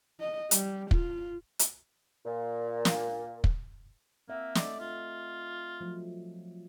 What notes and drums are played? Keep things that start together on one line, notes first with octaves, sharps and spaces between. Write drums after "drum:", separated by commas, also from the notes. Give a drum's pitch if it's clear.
D#5
G3, drum: hi-hat
F4, drum: kick
drum: hi-hat
A#2
drum: snare
drum: kick
A#3 C4 E5 F#5
A3 A4 D5 D#5, drum: snare
F4
F3 F#3 A3